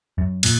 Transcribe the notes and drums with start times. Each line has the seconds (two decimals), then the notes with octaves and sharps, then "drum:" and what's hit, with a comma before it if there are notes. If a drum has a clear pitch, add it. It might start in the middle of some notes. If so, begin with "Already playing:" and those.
0.18 F#2
0.43 A#2, drum: cymbal